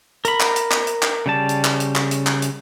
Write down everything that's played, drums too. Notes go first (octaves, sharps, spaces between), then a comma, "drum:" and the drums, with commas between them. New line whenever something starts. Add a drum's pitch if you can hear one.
A#4 B5, drum: hi-hat
drum: clap
drum: hi-hat
drum: clap
drum: hi-hat
drum: clap
C#3 G3 A5
drum: hi-hat
drum: clap
drum: hi-hat
drum: clap
drum: hi-hat
drum: clap
drum: hi-hat